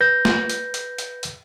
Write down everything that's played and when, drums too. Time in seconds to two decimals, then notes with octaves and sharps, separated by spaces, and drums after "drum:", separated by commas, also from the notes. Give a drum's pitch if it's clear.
0.01 B4 G6 A#6
0.25 drum: snare
0.50 drum: hi-hat
0.74 drum: hi-hat
0.98 drum: hi-hat
1.23 drum: hi-hat